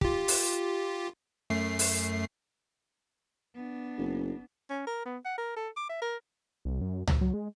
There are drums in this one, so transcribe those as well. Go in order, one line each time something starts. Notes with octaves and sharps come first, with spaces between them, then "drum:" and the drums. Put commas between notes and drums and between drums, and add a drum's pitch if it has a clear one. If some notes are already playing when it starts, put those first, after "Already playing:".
F4 G4, drum: kick
drum: open hi-hat
F#2 A3 C7
drum: open hi-hat
B3 D4
F#1
C#4
A#4
B3
F#5
A#4
A4
D6
E5
A#4
C2
F#2
B1, drum: tom C#2
F#3
G#3